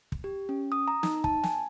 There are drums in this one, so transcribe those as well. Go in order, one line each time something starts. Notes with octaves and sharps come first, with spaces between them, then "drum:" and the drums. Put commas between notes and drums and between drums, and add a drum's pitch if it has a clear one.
drum: kick
G4
C#4
D#6
A#5
D#4, drum: snare
A5, drum: kick
G#5, drum: snare